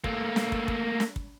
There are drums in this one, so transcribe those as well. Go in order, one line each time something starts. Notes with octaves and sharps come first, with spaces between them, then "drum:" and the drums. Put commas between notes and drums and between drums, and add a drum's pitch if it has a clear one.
A3 A#3, drum: kick
drum: snare
drum: kick
drum: kick
drum: snare
drum: kick